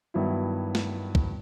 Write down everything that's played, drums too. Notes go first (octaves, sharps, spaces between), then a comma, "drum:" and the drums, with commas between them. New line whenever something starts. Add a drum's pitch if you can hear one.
G2 D#3 F#3 B3 E4
drum: snare
drum: kick